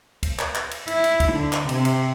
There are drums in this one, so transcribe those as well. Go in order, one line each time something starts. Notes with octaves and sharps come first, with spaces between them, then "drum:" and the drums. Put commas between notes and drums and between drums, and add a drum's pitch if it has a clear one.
drum: kick, cymbal
drum: clap
drum: clap
drum: cymbal
E4, drum: cymbal
drum: cymbal
drum: kick, cymbal
D3
drum: clap
C3, drum: cymbal
drum: cymbal